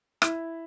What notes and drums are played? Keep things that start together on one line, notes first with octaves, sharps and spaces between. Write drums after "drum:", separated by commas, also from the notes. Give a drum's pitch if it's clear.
E4, drum: rim click